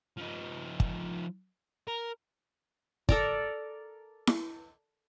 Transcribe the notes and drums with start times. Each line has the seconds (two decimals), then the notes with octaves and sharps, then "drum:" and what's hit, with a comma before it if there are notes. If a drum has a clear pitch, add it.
0.17 F3 D#4
0.80 drum: kick
1.88 A#4
3.09 A4 A#4 D5, drum: kick
4.27 drum: snare E4